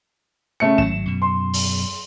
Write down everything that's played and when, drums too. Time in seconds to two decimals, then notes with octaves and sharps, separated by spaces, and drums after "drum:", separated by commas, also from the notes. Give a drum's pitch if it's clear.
0.60 C#3 A3 C#7
0.78 G#1 F#3 E7
1.05 F#2 B2
1.22 C6
1.53 drum: open hi-hat